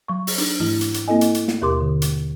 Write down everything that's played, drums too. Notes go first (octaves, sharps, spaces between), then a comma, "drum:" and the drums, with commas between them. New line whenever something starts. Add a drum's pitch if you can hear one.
F#3 C#6
drum: open hi-hat
F#3 D4 D#4, drum: hi-hat
G#2 E3 A3 E4
drum: hi-hat
drum: hi-hat
A#3 C4 E4 A4 D#5 G#5
drum: hi-hat
drum: hi-hat
drum: snare
D#2 B2 G4 A#4 C6 D6
D3
drum: hi-hat